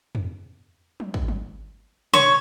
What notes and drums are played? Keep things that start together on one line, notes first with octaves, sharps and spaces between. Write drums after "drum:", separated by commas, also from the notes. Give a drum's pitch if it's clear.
drum: tom E2
drum: tom F3
drum: kick
drum: tom F3
C#5, drum: tom